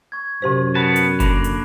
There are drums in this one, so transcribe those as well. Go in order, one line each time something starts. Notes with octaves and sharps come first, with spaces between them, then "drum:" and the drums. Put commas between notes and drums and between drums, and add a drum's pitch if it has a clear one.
C#6 G#6
F#2 C3 G4 C5
B3 A5 B5 F#6
drum: hi-hat
D3 A#3 D4 B5, drum: kick F#1, hi-hat
drum: hi-hat